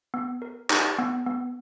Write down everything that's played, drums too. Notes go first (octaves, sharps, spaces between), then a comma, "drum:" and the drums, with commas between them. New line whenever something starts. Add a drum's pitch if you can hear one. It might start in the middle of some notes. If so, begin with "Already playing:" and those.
B3
A#4
D#4, drum: clap
B3
B3